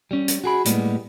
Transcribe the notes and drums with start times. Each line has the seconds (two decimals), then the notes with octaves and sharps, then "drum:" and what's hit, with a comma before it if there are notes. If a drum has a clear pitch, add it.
0.11 G3 C#4
0.28 drum: hi-hat
0.44 F#4 G#4 B5
0.65 A2 G3 G#3 A#3 B3, drum: hi-hat